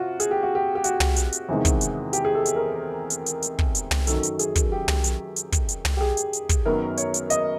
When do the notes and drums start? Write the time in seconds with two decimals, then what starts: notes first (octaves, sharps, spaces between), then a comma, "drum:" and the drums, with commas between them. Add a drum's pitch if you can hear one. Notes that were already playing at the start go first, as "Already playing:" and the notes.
Already playing: C3 F4 F#4
0.20 G#4, drum: hi-hat
0.31 G4
0.43 F#4
0.55 G4
0.75 G4
0.84 F#4, drum: hi-hat
1.00 drum: tom
1.16 drum: hi-hat
1.32 drum: hi-hat
1.49 E2 C3 D#3 G#3
1.65 drum: kick, hi-hat
1.81 drum: hi-hat
2.13 G4, drum: hi-hat
2.25 G#4
2.35 A4
2.45 drum: hi-hat
2.56 A#4
3.10 drum: hi-hat
3.26 drum: hi-hat
3.42 drum: hi-hat
3.59 drum: kick
3.75 drum: hi-hat
3.91 drum: tom
4.07 F#2 D#3 F#3 A4, drum: hi-hat
4.23 drum: hi-hat
4.39 G#4, drum: hi-hat
4.55 drum: kick, hi-hat
4.72 G4
4.88 drum: tom
5.04 drum: hi-hat
5.36 drum: hi-hat
5.52 drum: kick, hi-hat
5.69 drum: hi-hat
5.85 drum: tom
5.97 G4
6.01 G#4
6.17 drum: hi-hat
6.33 drum: hi-hat
6.49 drum: kick, hi-hat
6.65 F#2 D#3 F#3 B3 A#4
6.97 C#5, drum: hi-hat
7.14 drum: hi-hat
7.30 D#5, drum: hi-hat